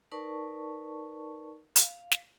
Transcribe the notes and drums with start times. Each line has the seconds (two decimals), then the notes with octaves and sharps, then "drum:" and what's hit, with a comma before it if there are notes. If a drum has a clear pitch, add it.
0.12 D#4 A#4 B4 D5 A5 C#6
1.76 F5, drum: hi-hat
2.11 drum: snare